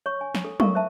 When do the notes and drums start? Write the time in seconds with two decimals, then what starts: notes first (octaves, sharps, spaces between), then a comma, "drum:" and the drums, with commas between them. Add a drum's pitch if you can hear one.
0.06 C#5 C#6
0.21 G#5
0.35 drum: snare
0.45 A4
0.60 A4 A#4 F5 C#6, drum: tom F#3
0.75 C5 E5 A5